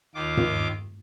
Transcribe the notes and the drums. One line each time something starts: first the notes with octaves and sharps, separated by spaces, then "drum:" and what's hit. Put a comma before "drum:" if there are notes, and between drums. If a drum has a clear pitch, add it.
D#2 D#3 F4 D6
drum: tom